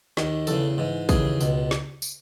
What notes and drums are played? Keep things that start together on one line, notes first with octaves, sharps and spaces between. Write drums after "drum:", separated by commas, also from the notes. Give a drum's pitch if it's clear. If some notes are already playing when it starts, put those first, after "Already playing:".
D#2 D#3, drum: snare
E2 C#3 E3 A4, drum: tambourine
G#2 E3
D#2 C#3 E3 G#4, drum: kick, tambourine
C#2 B2, drum: tambourine
drum: snare
drum: tambourine